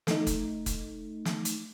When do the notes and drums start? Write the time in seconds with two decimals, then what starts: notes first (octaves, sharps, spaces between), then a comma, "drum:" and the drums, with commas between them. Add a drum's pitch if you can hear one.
0.07 A3 D#4, drum: snare
0.27 drum: kick F1, hi-hat
0.66 drum: kick F1, hi-hat
1.25 drum: snare
1.45 drum: hi-hat